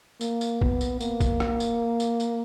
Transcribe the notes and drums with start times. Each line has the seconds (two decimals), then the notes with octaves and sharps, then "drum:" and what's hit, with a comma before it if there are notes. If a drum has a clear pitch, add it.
0.21 A#3, drum: tambourine
0.41 drum: tambourine
0.61 B3, drum: kick
0.81 drum: tambourine
1.01 A#3, drum: tambourine
1.20 drum: kick, tambourine
1.40 drum: rim click
1.60 drum: tambourine
2.00 drum: tambourine
2.20 drum: tambourine